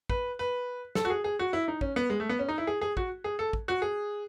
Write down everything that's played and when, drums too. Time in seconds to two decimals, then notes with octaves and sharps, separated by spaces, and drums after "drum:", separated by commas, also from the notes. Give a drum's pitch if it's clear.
0.09 B4, drum: kick
0.39 B4
0.95 A4, drum: snare
1.05 F#4
1.10 G#4
1.24 G#4
1.39 F#4
1.53 E4
1.68 D#4
1.81 C#4, drum: kick
1.96 B3
2.10 G#3
2.20 A3
2.29 B3
2.39 C#4
2.49 D#4
2.58 E4
2.67 G#4
2.81 G#4
2.97 F#4, drum: kick
3.24 G#4
3.39 A4
3.53 drum: kick
3.68 F#4
3.82 G#4